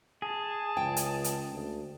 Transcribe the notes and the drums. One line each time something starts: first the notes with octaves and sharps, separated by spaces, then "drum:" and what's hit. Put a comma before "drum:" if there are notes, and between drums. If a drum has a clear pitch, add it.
G#4 A5
C#2 G5
drum: hi-hat
drum: hi-hat
D2